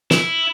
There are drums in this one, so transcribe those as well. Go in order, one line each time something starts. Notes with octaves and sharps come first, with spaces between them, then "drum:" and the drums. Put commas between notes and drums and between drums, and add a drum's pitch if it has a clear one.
E4, drum: snare